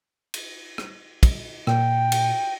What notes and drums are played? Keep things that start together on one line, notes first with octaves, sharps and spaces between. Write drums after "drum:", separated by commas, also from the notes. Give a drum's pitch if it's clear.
drum: cymbal
drum: rim click
drum: kick, cymbal
A#2 G5, drum: rim click
drum: cymbal